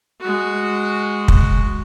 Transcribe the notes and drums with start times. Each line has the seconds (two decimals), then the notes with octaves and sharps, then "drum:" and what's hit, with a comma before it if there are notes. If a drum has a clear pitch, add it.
0.21 G#3 F#4
1.28 drum: kick